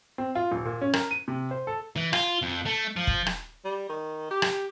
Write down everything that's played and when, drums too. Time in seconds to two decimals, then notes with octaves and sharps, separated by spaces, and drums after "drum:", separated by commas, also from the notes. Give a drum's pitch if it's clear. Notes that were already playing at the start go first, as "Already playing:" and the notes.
0.18 C4
0.35 F4
0.52 D#1
0.65 A#2
0.81 C#4
0.93 A#4, drum: rim click
1.11 D#7
1.28 C3
1.51 C5
1.67 A4
1.97 E3
2.13 F4, drum: rim click
2.43 F2
2.66 A3
2.97 F3
3.07 drum: kick
3.26 drum: rim click
3.65 G3
3.89 D#3
4.31 G4
4.42 drum: rim click